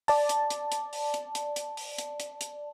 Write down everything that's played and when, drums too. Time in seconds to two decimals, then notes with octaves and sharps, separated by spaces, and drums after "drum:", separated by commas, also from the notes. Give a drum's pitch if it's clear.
0.08 D5 A5, drum: open hi-hat
0.29 drum: hi-hat
0.50 drum: hi-hat
0.72 drum: hi-hat
0.93 drum: open hi-hat
1.14 drum: hi-hat
1.35 drum: hi-hat
1.56 drum: hi-hat
1.77 drum: open hi-hat
1.98 drum: hi-hat
2.20 drum: hi-hat
2.41 drum: hi-hat